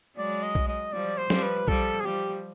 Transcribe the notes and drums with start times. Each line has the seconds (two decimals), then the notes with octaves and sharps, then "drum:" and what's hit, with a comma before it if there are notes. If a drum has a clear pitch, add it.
0.17 F#3 G#3 D5
0.43 D#5
0.55 drum: kick B1
0.68 D#5
0.92 F3 G3 D5
1.18 C5
1.30 F3 G3, drum: snare
1.43 B4
1.68 F3 G3 A4, drum: kick B1
2.01 G#4
2.05 F3 G3 G4